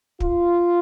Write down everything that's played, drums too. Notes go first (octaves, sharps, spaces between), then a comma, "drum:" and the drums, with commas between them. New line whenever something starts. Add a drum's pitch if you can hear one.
F4, drum: kick